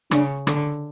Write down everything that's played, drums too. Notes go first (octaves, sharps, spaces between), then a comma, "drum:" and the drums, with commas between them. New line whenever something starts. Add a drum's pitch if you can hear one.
C#3 D4, drum: rim click
D3, drum: rim click